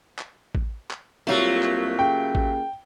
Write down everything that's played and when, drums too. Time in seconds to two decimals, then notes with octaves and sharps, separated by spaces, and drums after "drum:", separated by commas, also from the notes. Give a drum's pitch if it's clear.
0.19 drum: clap
0.55 drum: kick A1
0.91 drum: clap
1.27 C2 F#3 A3 A#3 F4 G4
1.63 drum: clap
1.99 C#3 G5
2.35 drum: kick A1